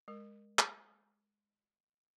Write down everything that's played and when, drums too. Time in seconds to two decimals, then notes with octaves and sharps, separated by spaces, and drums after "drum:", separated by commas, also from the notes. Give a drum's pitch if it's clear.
0.08 G#3 A#4
0.59 drum: clap